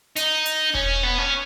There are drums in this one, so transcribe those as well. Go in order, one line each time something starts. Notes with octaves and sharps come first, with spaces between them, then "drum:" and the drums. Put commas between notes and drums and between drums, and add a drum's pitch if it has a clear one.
D#4, drum: hi-hat
drum: hi-hat
C#4, drum: kick E1
B3
C#4